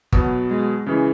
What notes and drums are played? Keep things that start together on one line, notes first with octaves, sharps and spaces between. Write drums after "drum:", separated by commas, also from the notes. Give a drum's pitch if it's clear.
B2 F#3 B3, drum: kick G1
G#3
C#3 E3 G#3